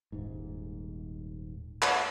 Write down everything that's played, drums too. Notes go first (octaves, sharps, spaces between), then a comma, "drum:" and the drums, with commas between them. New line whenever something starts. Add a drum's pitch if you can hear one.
D#1 G#2
drum: clap